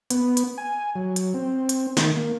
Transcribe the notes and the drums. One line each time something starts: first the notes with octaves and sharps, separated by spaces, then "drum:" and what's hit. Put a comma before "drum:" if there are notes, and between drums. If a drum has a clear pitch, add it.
B3, drum: hi-hat
drum: hi-hat
G#5
F#3
drum: hi-hat
C4
drum: hi-hat
D#3, drum: snare
A#3